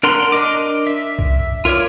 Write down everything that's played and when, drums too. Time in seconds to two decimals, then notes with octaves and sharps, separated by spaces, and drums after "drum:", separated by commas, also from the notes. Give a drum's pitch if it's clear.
0.03 D4 A#4 F#5 A#5 C6
0.32 D4 A#4 D#5 D6, drum: hi-hat
0.87 E5
1.19 drum: kick
1.65 F4 A#4 C#5 D5